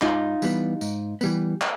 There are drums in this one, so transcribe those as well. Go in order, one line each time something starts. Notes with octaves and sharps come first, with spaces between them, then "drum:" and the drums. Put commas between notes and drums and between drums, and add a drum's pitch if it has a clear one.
G#2 D#4 F4, drum: clap
E3 G3 B3, drum: tambourine
G#2, drum: tambourine
E3 G3 B3, drum: tambourine
drum: clap